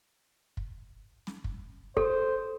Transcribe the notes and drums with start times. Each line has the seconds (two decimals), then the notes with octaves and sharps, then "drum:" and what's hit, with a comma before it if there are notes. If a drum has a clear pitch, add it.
0.57 drum: kick
1.27 drum: snare
1.44 drum: kick
1.97 A4 C5, drum: kick